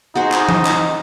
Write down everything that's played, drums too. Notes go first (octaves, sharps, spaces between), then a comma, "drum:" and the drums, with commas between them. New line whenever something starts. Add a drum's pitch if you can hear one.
D#4 F#4 G#4 C5
drum: clap
drum: tom E3
drum: clap